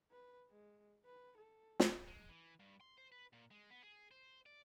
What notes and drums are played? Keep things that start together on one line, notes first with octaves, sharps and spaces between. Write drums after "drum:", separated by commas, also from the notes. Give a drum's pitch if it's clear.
B4
G#3
B4
A4
drum: snare
G#3
E3
G2
C6
C5
B4
A#2
G#3
B3
G#4
C5
D5